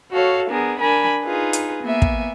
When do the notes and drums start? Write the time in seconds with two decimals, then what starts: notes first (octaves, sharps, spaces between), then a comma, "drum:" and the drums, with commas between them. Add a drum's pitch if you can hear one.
0.10 F#4 A4 C#5 F5
0.49 B3 D4 G#4 A#4
0.79 D4 A#4 G#5 B5
1.23 D#4 F4 G#4 B4
1.53 drum: hi-hat
1.83 A#3 B3 E5 G#5
2.02 drum: kick